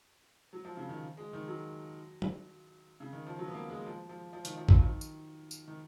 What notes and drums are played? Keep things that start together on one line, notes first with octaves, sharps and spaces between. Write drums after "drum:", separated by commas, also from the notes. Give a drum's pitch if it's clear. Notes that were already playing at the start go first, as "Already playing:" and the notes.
F#3
F3
C#3
D#3
G#3
D#3
F#3
drum: tom F#3
C#3
D#3
F3
F#3
B3
A#3
G#3
F3
F3
F3
D#3, drum: hi-hat
F3
F#3, drum: kick
D#3
drum: tambourine
drum: tambourine
D#3